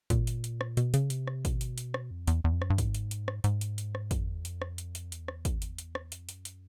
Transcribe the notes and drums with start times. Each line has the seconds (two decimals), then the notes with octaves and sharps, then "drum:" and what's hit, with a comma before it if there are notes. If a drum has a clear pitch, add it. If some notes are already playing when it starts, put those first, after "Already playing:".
0.10 A#2, drum: kick, hi-hat
0.27 drum: hi-hat
0.44 drum: hi-hat
0.61 drum: rim click
0.77 B2, drum: hi-hat
0.94 C#3, drum: hi-hat
1.10 C3, drum: hi-hat
1.27 drum: rim click
1.45 B2, drum: kick, hi-hat
1.61 drum: hi-hat
1.78 drum: hi-hat
1.94 drum: rim click
2.11 F2
2.27 E2, drum: hi-hat
2.44 E2
2.53 F2
2.62 F#2, drum: rim click
2.70 G2
2.78 G#2, drum: kick, hi-hat
2.95 drum: hi-hat
3.11 drum: hi-hat
3.28 drum: rim click
3.44 G#2, drum: hi-hat
3.61 drum: hi-hat
3.78 drum: hi-hat
3.95 drum: rim click
4.11 F#2, drum: kick, hi-hat
4.23 F2
4.34 E2
4.45 F2, drum: hi-hat
4.62 drum: rim click
4.78 drum: hi-hat
4.95 drum: hi-hat
5.12 E2, drum: hi-hat
5.28 drum: rim click
5.45 drum: kick, hi-hat
5.62 drum: hi-hat
5.78 drum: hi-hat
5.95 drum: rim click
6.12 F2, drum: hi-hat
6.29 F#2, drum: hi-hat
6.45 drum: hi-hat